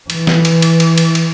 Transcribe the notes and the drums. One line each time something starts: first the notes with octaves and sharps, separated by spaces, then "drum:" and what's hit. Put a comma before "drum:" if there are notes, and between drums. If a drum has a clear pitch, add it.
E3, drum: cymbal
drum: snare
drum: cymbal
drum: cymbal
drum: cymbal
drum: cymbal
drum: cymbal